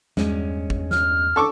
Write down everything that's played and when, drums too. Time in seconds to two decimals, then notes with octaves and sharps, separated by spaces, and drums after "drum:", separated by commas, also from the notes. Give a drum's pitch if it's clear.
0.17 E2 G2 G#3 C#4, drum: snare
0.70 drum: kick
0.91 F6, drum: snare
1.36 A4 C#6 D6